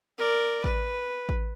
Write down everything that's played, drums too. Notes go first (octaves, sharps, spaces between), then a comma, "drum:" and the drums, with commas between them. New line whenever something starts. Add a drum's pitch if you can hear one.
A#4 D5
B4, drum: kick A1
drum: kick A1